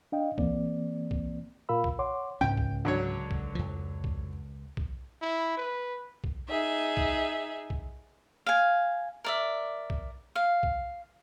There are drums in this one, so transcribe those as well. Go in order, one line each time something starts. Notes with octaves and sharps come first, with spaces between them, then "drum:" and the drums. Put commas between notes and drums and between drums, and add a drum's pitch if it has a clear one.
D4 D#5 F5 G5
E3 A#3 C4 D5, drum: kick B1
drum: kick B1
A#2 F4 A#4 F5 B5 E6
drum: kick B1
C#5 F#5 C6 D6
C#2 G#2 C#4 G5
drum: kick B1
D3 F#3 C#5
drum: kick B1
F2 F3
drum: kick B1
drum: kick B1
E4
B4
drum: kick B1
D#4 G#4 E5
drum: kick B1
drum: kick B1
F5 G#5
A#4 D5 E5
drum: kick B1
F5
drum: kick B1